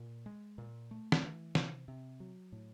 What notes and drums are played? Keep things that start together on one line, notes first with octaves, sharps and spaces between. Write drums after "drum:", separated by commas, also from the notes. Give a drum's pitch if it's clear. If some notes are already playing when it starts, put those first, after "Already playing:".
Already playing: A#2
G#3
A#2
A3
drum: snare
E3
C3, drum: snare
C3
F#3
A2